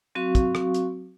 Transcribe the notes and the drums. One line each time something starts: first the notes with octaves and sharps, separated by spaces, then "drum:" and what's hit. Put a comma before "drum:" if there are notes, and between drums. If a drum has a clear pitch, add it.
F#3 C4 F#4 F5 C#6
drum: kick, hi-hat
drum: rim click
drum: hi-hat